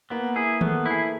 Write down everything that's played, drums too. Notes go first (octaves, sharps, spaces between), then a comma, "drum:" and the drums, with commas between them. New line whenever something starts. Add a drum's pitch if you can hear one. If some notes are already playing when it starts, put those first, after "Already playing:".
A#3 B3
E4 G#4
A3 B3, drum: tom D#3
E4 G#4